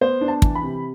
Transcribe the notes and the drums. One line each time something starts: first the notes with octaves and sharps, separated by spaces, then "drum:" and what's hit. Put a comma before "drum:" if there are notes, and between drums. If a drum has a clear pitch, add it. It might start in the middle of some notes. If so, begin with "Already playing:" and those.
B3 C5
D4
A5
E3, drum: kick
B5
C3